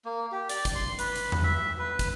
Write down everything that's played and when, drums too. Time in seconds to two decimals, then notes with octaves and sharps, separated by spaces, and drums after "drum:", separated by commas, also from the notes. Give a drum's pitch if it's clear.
0.05 A#3
0.32 G4
0.49 D5, drum: hi-hat
0.65 drum: kick, hi-hat
0.75 C6
0.99 B4, drum: hi-hat
1.15 drum: hi-hat
1.32 drum: tom E2
1.43 E5
1.78 B4
1.99 drum: kick, hi-hat